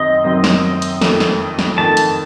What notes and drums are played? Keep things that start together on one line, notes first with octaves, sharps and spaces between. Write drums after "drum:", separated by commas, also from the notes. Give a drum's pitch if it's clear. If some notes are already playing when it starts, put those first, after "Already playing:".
Already playing: F#2 D#3 F#3 C4 D#5
F#2 D#3 F#3 C4
drum: snare
drum: hi-hat
F2 D#3 A3, drum: snare
drum: snare
drum: snare
F2 D#3 A3 A5
drum: hi-hat